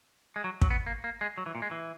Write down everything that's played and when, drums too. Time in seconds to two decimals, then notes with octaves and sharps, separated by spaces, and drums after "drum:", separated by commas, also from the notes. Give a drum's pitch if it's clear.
0.36 G#3
0.44 F#3
0.62 F#3, drum: kick
0.70 B3
0.86 A#3
1.04 A#3
1.21 G#3
1.38 F#3
1.46 E3
1.55 A#2
1.62 G#3
1.71 E3